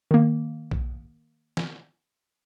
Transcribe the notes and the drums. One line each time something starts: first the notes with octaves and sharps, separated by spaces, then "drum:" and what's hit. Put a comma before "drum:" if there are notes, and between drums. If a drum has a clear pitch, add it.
D#3 A#3
drum: kick B1
drum: snare